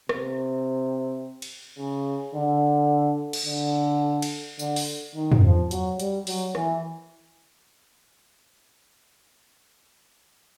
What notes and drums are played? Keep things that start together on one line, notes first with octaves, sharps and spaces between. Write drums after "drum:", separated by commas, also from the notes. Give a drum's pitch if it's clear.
C3, drum: rim click
drum: cymbal
C#3
D3
drum: cymbal
D3
drum: cymbal
D3, drum: tambourine
drum: open hi-hat
D#3
drum: tom
F3
F#3, drum: hi-hat
G3, drum: hi-hat
F#3, drum: open hi-hat
E3, drum: rim click